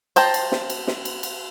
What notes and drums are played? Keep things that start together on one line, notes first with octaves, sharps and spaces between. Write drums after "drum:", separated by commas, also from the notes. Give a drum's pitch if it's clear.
C5 G5 A5 A#5, drum: cymbal
drum: cymbal
drum: snare
drum: cymbal
drum: snare
drum: cymbal
drum: cymbal